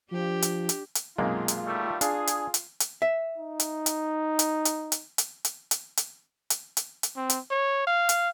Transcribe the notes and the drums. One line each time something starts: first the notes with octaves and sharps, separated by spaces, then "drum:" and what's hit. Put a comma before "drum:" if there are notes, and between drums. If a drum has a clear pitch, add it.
F3 D4 G4
drum: hi-hat
drum: hi-hat
drum: hi-hat
B1 F#2 C3 G#3 A#3 F4
drum: hi-hat
D#3 G3 A3
D4 G#4 F5, drum: hi-hat
drum: hi-hat
drum: hi-hat
drum: hi-hat
E5
D#4
drum: hi-hat
drum: hi-hat
drum: hi-hat
drum: hi-hat
drum: hi-hat
drum: hi-hat
drum: hi-hat
drum: hi-hat
drum: hi-hat
drum: hi-hat
drum: hi-hat
drum: hi-hat
C4
drum: hi-hat
C#5
F5
drum: hi-hat